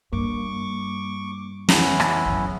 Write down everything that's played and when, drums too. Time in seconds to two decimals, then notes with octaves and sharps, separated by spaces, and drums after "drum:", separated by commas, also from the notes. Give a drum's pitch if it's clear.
0.12 G2 A#3 C#6 D6
1.69 F2 E3 B3 C#4 E4, drum: snare
2.00 drum: rim click
2.25 F#2 C#3